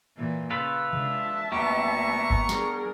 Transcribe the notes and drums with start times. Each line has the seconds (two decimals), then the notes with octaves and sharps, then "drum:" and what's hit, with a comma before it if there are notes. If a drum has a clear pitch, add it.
0.16 A#2 E3
0.50 C#3 F4 A4 B4
0.93 G#3 D4 E5 A5, drum: tom C3
1.52 D2 G3 A#3 B3 G4 A#5 C#6
2.30 drum: kick G1
2.49 D4 G#4 A#4, drum: snare